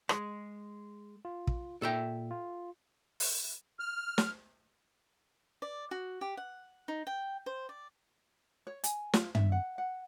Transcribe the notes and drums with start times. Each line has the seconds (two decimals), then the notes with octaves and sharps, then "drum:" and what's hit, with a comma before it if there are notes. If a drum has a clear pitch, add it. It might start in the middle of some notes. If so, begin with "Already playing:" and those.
0.09 G#3, drum: rim click
1.25 F4
1.47 drum: kick
1.82 A#2 A4 E5 G5
2.31 F4
3.20 drum: open hi-hat
3.80 F6
4.18 drum: snare
5.62 D5
5.91 F#4
6.21 G4
6.37 F#5
6.88 D#4
7.07 G5
7.46 C5
7.69 D5
8.67 C#5
8.84 G#5, drum: hi-hat
9.14 F4, drum: snare
9.35 E5, drum: tom
9.52 F#5
9.78 F#5